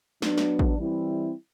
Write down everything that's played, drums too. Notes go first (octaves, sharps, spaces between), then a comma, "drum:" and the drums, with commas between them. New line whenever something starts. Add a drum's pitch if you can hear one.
F#3 B3 D4, drum: snare
drum: snare
drum: kick A1
E3 G3 C4 E4